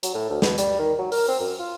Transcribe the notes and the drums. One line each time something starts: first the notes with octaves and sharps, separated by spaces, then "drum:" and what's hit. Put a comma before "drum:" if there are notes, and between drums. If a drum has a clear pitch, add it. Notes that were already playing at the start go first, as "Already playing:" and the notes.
F#3, drum: hi-hat
A2
D2
B2, drum: snare
G3, drum: hi-hat
D#3
F#3
A#4, drum: open hi-hat
C4
F#2
F4